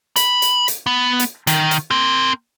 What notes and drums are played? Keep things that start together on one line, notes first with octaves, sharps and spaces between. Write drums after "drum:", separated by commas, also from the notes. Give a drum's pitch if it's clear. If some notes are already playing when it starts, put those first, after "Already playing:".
B5, drum: hi-hat
drum: hi-hat
drum: hi-hat
B3
drum: hi-hat
D#3, drum: hi-hat
drum: hi-hat
C4 A#4